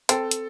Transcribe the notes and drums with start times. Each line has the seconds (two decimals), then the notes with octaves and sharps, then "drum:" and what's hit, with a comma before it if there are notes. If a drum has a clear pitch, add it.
0.09 C4 A4, drum: hi-hat
0.31 drum: hi-hat